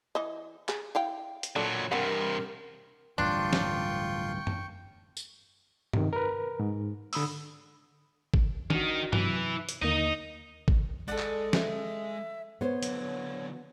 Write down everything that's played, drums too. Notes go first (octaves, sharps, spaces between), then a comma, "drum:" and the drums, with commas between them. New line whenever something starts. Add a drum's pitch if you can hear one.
E3 D#5
G#4, drum: clap
E4 F5 G5
drum: hi-hat
A#2 F#3 D4 A4
G2 C3 C4 A#4 F#5
D1 G2 E3 D4 F4 G5 C6 C#6
drum: snare
drum: tom F#2
drum: tambourine
C3 D#3, drum: tom G2
A#4 B4
G#2
D3 B5 D#6 E6, drum: open hi-hat
drum: kick G#1
D#3 D4 F#4, drum: tom D#3
C3 E3 F#3, drum: tom G2
drum: hi-hat
D#2 D3 A#3 D#4 D#5
drum: kick G#1
G#3 A4 D5 F#5
drum: clap
E5, drum: snare
B3 C5 C#5
D3 F#3, drum: hi-hat